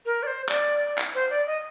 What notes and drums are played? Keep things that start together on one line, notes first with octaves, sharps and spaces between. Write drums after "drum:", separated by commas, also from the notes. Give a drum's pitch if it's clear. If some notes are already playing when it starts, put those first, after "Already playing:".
A#4
D5
C5
D5, drum: clap
drum: clap
C5
D5
D#5